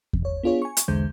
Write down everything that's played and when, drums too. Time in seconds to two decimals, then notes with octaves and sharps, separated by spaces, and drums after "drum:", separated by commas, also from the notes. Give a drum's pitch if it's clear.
0.13 drum: kick E2
0.22 G1 C#5
0.43 B3 D4 F4 G#4 C#5
0.62 G#5 C#6
0.77 drum: hi-hat
0.88 B1 E2 D3 G#3 C5 G6